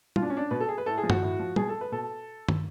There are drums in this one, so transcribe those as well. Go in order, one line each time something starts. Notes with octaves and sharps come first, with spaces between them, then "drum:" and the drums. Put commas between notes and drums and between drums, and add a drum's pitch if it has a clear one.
B2 F4, drum: tom
D4
C#4
D4
B2 B4
A4
G#4
B4
A2 A4
G#4
F3
F#4, drum: tom
A2
F3
B2 G#4, drum: tom
A4
B4
B2 A4
drum: tom